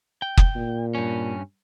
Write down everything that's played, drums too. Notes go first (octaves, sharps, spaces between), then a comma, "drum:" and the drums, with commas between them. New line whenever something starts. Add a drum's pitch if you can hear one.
G5
drum: kick
A#2
G2 C#4